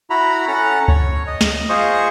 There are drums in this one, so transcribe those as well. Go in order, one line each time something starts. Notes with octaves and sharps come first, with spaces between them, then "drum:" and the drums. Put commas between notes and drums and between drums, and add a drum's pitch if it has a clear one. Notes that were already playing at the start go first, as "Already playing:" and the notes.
E4 F#4 A#5 B5
C#4 A4 F#5 A#5
C#5, drum: kick C#2
D#5
drum: snare
F4 G#4 C5 D#5 C#6